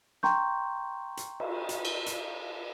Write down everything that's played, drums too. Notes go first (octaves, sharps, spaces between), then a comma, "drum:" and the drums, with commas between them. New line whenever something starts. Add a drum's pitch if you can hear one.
G5 A#5 C6 C#6 G6, drum: snare
drum: hi-hat
drum: cymbal
drum: hi-hat
drum: cymbal
drum: hi-hat